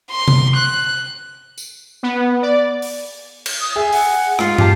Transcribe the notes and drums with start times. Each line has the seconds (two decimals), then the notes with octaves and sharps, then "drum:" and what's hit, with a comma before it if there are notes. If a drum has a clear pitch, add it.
0.10 C6
0.28 drum: tom C3
0.56 F#6
1.58 drum: tambourine
2.03 B3
2.42 D5
2.82 drum: open hi-hat
3.46 drum: cymbal
3.61 D#6
3.76 G#4 E5 G#5
3.93 F#5, drum: open hi-hat
4.39 G#2 F4, drum: rim click
4.58 G4 A5, drum: tom